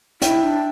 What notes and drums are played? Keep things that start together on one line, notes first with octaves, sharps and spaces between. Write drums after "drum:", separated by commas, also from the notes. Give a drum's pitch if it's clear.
E4 E5 G5, drum: hi-hat
D4